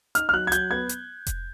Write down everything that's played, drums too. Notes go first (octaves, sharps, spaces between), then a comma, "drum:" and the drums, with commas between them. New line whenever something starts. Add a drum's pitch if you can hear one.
D#4 F6, drum: hi-hat
F6
F#3 F#6
G#6
F#3 G6, drum: hi-hat
B3 G#6
drum: hi-hat
drum: kick F1, hi-hat